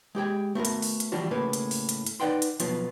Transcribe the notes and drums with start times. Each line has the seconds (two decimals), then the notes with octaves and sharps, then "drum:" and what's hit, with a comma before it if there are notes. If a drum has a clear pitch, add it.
0.15 G#3 G4 G5 G#5
0.55 A3 B3 F#4 A#4
0.65 drum: hi-hat
0.82 drum: open hi-hat
1.00 drum: hi-hat
1.12 E3 F3 G3 D4 F4 F#4
1.31 A2 C#3 A#3 B4
1.53 drum: hi-hat
1.71 drum: open hi-hat
1.89 drum: hi-hat
2.06 drum: hi-hat
2.20 D#4 B4 D5 F#5 G5 C6
2.42 drum: hi-hat
2.60 B2 F3 F#3 B3 F4, drum: hi-hat